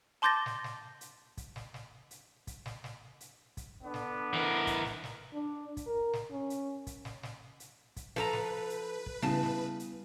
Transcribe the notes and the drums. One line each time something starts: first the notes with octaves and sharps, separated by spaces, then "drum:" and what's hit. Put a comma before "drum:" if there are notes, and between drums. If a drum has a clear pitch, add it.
A5 C6 D6 G6 A6 A#6
drum: snare
drum: snare
drum: hi-hat
drum: kick, hi-hat
drum: snare
drum: snare
drum: hi-hat
drum: kick, hi-hat
drum: snare
drum: snare
drum: hi-hat
drum: kick, hi-hat
D3 B3 D4
drum: snare
E3 A#4
drum: kick, hi-hat
drum: snare
drum: snare
D4
drum: kick, hi-hat
A#4
drum: snare
C#4
drum: hi-hat
drum: kick, hi-hat
drum: snare
drum: snare
drum: hi-hat
drum: kick, hi-hat
F3 A4 B4 A#5, drum: snare
drum: snare
drum: hi-hat
drum: kick
C#3 G3 B3 E4 A5, drum: snare
drum: snare
drum: hi-hat